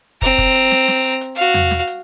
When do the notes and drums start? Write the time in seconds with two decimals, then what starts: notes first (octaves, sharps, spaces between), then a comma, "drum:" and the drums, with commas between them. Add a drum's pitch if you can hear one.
0.22 C4 A#5, drum: kick, hi-hat
0.38 drum: kick, hi-hat
0.55 drum: hi-hat
0.71 drum: snare
0.88 drum: snare
1.05 drum: hi-hat
1.21 drum: hi-hat
1.36 F#4 F5, drum: hi-hat
1.54 drum: tom E2
1.71 drum: snare
1.87 drum: hi-hat